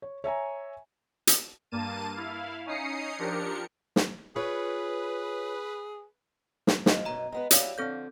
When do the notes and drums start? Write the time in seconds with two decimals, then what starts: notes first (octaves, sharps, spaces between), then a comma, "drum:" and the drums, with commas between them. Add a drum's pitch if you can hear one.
0.02 C#5
0.24 C#5 E5 G#5 A#5
1.27 drum: hi-hat
1.71 G2 A#3 A5 D#7
2.15 E4 F5
2.66 C#4 D#4 D#6 C7 C#7
3.19 F3 D4 G4 A#4 C#7
3.96 drum: snare
4.36 F4 G#4 B4 C#5
6.67 drum: snare
6.86 F3 G#3, drum: snare
7.05 F#2 B2 D#5 A#5
7.32 G#3 B3 B4
7.51 F#3 E4 G4 C#5 D5 F5, drum: hi-hat
7.78 D3 F3 C4 A4 G6